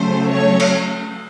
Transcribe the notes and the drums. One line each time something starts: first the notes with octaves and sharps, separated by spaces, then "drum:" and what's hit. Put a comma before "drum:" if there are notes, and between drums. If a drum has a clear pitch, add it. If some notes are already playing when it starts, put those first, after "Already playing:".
Already playing: C#3 F#3 A3 C#4 C5
C#5
drum: cymbal